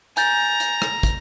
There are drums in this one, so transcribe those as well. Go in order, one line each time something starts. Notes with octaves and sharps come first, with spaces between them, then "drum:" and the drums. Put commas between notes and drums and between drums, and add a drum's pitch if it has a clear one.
G#5 A#5 G6 A6, drum: hi-hat
drum: hi-hat
drum: rim click
drum: kick, hi-hat